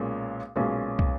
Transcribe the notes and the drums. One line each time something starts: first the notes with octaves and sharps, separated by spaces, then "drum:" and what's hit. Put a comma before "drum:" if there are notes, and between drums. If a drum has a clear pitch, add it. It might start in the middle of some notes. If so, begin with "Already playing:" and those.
Already playing: B1 A#2 G#3 C#4
B1 A#2 G#3 C#4
drum: kick